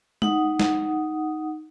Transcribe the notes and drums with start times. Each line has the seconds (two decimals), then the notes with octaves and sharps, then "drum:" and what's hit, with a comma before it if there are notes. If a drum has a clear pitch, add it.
0.22 D#4 F#5 D#6, drum: tom G#3
0.59 drum: snare